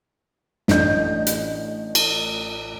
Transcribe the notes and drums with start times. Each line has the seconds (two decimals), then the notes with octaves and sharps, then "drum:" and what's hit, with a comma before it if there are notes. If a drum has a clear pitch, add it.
0.68 A1 D4 D#5 G6, drum: snare
1.27 drum: hi-hat
1.95 drum: cymbal